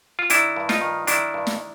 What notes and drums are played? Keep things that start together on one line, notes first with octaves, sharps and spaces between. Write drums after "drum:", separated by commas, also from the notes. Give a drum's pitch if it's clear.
F4
D#3 D4 E4, drum: hi-hat
G2
D#4 F4, drum: snare
D#3
D#3 D4 E4, drum: hi-hat
G2
drum: snare